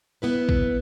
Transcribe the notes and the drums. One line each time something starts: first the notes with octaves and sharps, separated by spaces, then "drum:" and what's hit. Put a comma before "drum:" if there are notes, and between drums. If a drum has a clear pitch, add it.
B3 E4 B4
drum: kick